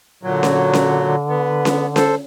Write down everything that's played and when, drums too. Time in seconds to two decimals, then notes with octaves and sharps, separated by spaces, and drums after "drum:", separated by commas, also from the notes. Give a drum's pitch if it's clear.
0.23 A#2 D3 F#3
0.43 drum: snare C#4
0.73 drum: snare C#4
1.29 B3
1.65 drum: snare C#4
1.96 A4 C5, drum: snare C#4